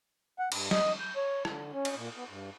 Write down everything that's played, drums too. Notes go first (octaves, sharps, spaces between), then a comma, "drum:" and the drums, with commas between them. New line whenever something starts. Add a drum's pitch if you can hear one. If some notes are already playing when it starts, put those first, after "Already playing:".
F#5
G2, drum: cymbal
D#5, drum: snare
G6
C#5
D3, drum: rim click
C#4
drum: cymbal
A#2
B3
G2